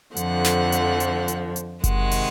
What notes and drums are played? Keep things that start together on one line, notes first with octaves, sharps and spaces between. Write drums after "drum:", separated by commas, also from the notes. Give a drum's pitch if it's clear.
F2 D3 F3 F#5, drum: hi-hat
drum: snare
drum: hi-hat
drum: hi-hat
drum: hi-hat
drum: hi-hat
C3 D#3 G#3 F#5, drum: kick F#1, hi-hat
drum: open hi-hat